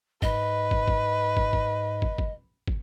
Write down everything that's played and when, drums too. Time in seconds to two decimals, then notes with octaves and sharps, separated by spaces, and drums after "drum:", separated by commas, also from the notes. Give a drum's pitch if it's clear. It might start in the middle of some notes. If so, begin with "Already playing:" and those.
0.22 G#2 B4 D#5, drum: kick
0.71 drum: kick
0.88 drum: kick
1.37 drum: kick
1.53 drum: kick
2.02 drum: kick
2.18 drum: kick
2.68 drum: kick